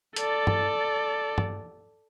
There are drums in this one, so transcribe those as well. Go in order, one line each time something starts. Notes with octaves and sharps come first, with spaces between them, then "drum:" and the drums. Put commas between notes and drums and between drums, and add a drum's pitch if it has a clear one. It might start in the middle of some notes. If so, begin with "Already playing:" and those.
A4 D5, drum: hi-hat
drum: tom G2
drum: tom G2